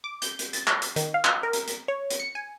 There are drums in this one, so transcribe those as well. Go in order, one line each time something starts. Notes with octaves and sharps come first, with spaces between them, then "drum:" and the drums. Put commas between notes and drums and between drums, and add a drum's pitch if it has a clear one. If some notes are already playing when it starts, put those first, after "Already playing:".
D6
G6, drum: hi-hat
drum: hi-hat
A6, drum: hi-hat
drum: clap
drum: hi-hat
D#3, drum: hi-hat
F5
drum: clap
A#4
drum: hi-hat
drum: hi-hat
C#5
drum: hi-hat
C#7
G#5